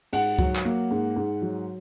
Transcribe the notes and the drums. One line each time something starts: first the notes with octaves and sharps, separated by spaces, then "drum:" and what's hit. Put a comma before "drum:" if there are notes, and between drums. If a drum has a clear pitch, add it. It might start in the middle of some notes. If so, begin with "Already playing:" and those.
G#2 F#5, drum: cymbal
F#3, drum: kick C#2
drum: clap
A#3
G#2
G#2
F#3